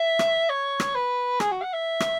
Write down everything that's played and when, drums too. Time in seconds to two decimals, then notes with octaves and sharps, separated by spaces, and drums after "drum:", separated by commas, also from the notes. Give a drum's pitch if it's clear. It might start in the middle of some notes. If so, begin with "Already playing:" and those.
Already playing: E5
0.19 drum: rim click
0.50 C#5
0.80 drum: rim click
0.95 B4
1.40 G#4, drum: rim click
1.52 F#4
1.63 F#5
1.74 E5
2.00 drum: rim click